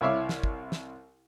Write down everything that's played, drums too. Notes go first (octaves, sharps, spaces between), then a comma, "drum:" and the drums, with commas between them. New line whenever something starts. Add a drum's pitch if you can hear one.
C2 E4 C#5 E5 F5 D6
drum: snare
drum: kick
drum: snare